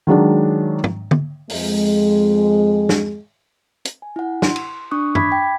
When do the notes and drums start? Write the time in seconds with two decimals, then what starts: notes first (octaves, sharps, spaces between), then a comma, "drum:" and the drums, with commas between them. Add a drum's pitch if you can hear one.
0.07 D#3 F#3 G#3 D4
0.84 drum: tom
1.11 drum: tom D3
1.49 F2 G#3, drum: open hi-hat
2.89 drum: snare
3.85 drum: hi-hat
4.02 G#5
4.16 E4 F#5
4.42 C6, drum: snare
4.56 drum: cymbal
4.91 D4 C#6 D#6 F#6
5.15 E5 B5 D6 G#6 B6, drum: tom
5.32 G5